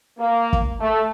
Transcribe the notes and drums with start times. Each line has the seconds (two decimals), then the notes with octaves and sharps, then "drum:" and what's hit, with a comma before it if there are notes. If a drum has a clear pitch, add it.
0.19 A#3
0.53 drum: kick
0.81 A3